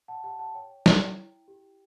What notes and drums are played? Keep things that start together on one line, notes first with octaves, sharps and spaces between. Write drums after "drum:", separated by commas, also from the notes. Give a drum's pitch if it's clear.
F#5 A5
G4 F#5 A5
F#5 A5
C#5 G5
C#5, drum: snare
E4
G4